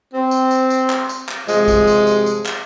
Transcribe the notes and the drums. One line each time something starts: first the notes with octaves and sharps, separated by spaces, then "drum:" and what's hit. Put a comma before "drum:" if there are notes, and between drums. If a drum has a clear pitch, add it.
C4
drum: tambourine
drum: tambourine
drum: tambourine
drum: clap
drum: tambourine
drum: clap
G2 C3 F3 G#3, drum: tambourine
drum: kick, tambourine
drum: tambourine
drum: tambourine
drum: tambourine
drum: clap